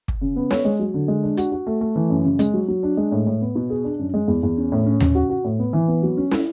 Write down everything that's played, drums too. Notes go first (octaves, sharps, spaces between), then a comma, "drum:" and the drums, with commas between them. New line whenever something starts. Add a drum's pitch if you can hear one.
drum: kick
C#3
B3
C#5, drum: snare
G#3
F#3
D3
G#3
D4
F#4, drum: hi-hat
F#4
A3
A3
E3
F#2
C#3
G#3, drum: hi-hat
F#3
F#3
D4
G#3
A2
A2
B3
B2
G#4
D4
F#2
G#3
E2
E2
C#4
A2
C#4
C#3, drum: tom D#2
F#4
F#4
A2
B3
E3
B3
F#3
C#4
E4, drum: snare